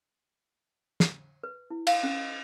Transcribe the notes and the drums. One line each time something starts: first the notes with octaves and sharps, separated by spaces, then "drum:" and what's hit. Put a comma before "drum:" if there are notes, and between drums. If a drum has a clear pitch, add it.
drum: snare
B4
E4
F5, drum: cymbal
C#4